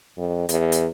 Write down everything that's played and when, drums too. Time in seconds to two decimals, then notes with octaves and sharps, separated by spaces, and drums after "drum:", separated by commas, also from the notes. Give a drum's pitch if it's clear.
0.18 F2
0.49 E2, drum: hi-hat
0.72 drum: hi-hat